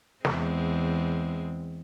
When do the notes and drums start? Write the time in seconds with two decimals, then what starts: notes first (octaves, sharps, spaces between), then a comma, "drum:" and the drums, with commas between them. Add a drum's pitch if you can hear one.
0.25 E2 G#3 C4, drum: snare